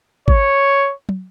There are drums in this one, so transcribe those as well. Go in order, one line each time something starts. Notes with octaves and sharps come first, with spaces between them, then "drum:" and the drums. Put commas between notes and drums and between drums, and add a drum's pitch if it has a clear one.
C#5, drum: kick G#1
drum: tom